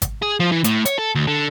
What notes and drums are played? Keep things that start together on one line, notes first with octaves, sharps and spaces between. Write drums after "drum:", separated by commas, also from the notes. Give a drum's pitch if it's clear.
drum: kick G#1, hi-hat
G#4
F3
E3
A2, drum: hi-hat
C#5, drum: hi-hat
A4
D2
D3